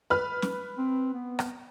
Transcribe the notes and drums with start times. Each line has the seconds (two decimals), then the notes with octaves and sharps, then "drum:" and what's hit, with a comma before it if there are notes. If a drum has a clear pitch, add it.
0.10 B4 F6
0.42 drum: snare
0.78 C4
1.14 B3
1.39 drum: rim click